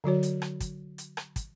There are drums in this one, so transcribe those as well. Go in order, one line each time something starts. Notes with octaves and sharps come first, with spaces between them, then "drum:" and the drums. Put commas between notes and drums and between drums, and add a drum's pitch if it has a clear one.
D3 F#3 F#4 C#5
drum: hi-hat
drum: rim click
drum: kick, hi-hat
drum: hi-hat
drum: rim click
drum: kick, hi-hat